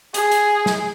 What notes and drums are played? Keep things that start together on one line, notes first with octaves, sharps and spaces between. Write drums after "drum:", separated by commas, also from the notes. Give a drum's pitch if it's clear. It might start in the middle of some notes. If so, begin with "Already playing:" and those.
G#4, drum: hi-hat
drum: hi-hat
drum: snare